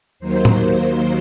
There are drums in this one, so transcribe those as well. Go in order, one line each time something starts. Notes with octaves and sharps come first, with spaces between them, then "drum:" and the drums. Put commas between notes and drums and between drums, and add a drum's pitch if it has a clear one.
D#2 D#3 F#3 A#3 C5
drum: tom A2
C5